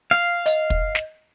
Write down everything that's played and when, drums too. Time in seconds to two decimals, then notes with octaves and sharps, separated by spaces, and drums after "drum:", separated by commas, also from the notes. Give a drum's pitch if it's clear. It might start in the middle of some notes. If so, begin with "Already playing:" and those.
0.11 F5
0.46 D#5, drum: hi-hat
0.70 drum: kick
0.95 drum: snare